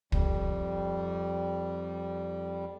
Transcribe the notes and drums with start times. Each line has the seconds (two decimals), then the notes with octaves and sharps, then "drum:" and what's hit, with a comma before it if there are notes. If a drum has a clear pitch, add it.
0.12 F2 G3, drum: kick